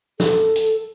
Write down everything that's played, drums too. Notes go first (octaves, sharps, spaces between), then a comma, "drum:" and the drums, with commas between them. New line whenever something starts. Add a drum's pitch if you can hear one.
A4, drum: snare
drum: hi-hat